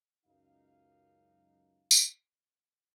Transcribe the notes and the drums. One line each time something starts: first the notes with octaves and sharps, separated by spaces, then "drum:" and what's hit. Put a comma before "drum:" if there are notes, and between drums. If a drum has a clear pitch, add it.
C#2 F#2 D#4 F5
drum: tambourine